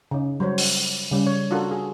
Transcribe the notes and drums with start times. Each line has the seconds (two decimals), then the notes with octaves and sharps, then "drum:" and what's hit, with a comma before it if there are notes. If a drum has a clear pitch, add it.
0.11 C#3 D#4
0.40 F#3 G3 C5 C#5
0.58 drum: open hi-hat
1.12 C#3 G3
1.27 C#5
1.51 D4 F4 F#4 A4 A#4
1.71 F#4 G#4